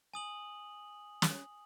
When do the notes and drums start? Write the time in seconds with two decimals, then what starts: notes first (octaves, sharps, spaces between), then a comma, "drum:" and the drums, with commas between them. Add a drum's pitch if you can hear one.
0.14 G#5 D#6 F#7
1.22 drum: snare